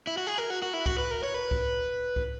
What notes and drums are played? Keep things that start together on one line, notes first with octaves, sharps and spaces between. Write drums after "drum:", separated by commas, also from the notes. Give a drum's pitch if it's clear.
E4
F#4
G#4
A#4
F#4
F#4
E4
F#4, drum: kick C2
B4
A#4
C#5
B4
drum: kick C2
drum: kick C2